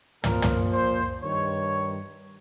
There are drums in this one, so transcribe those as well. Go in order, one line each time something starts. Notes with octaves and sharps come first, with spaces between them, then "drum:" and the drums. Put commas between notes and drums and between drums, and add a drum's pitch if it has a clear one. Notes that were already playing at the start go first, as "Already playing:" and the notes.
A#2 F3 A#4, drum: tom
drum: tom
C5
G2 D#3 C#5